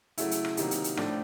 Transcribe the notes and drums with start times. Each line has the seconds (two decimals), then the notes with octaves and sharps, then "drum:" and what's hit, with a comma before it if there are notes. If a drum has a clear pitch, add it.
0.18 C#3 F#3 A3 E4, drum: hi-hat
0.31 drum: hi-hat
0.45 drum: rim click
0.57 C3 D#3 F#3 A#3 D#4, drum: hi-hat
0.71 drum: hi-hat
0.84 drum: hi-hat
0.97 A2 F3 A3 D4, drum: rim click